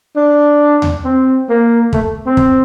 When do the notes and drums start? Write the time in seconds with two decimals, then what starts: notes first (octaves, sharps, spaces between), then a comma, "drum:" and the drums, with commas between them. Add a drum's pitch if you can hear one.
0.16 D4
0.82 drum: tom D#2
1.04 C4
1.49 A#3
1.93 A3, drum: kick
2.26 C4
2.37 drum: kick